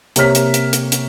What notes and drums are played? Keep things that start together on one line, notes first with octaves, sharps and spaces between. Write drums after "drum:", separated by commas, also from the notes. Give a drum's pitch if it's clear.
C3 A#3 C#5 F6 B6, drum: hi-hat
drum: hi-hat
drum: hi-hat
drum: hi-hat
drum: hi-hat